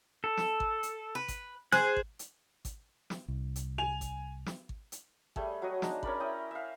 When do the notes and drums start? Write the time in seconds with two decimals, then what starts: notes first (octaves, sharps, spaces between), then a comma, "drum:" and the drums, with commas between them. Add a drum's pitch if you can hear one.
0.24 A4
0.37 drum: snare
0.60 drum: kick G#1
0.83 drum: hi-hat
1.15 B4
1.28 drum: kick G#1, hi-hat
1.72 G#4 C5 F#6, drum: snare
1.96 drum: kick G#1
2.19 drum: hi-hat
2.65 drum: kick G#1, hi-hat
3.10 drum: snare
3.28 C2
3.56 drum: hi-hat
3.78 G#5 F7
4.01 drum: kick G#1, hi-hat
4.46 drum: snare
4.69 drum: kick G#1
4.92 drum: hi-hat
5.36 G3 A3 G#4, drum: kick G#1
5.62 F#3 F#4 D#5
5.82 G#3 D4 D#4, drum: snare
6.03 C#4 A#4 D5 B5, drum: kick G#1
6.20 E4 G5 D#6
6.51 E5 F5